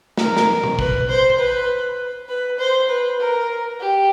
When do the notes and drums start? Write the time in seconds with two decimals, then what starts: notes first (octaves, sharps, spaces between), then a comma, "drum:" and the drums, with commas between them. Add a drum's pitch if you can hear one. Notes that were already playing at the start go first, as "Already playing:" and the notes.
0.18 A#4, drum: snare
0.37 drum: snare
0.64 drum: tom B2
0.79 B4, drum: kick
1.09 C5
1.39 B4
2.29 B4
2.59 C5
2.89 B4
3.20 A#4
3.80 G4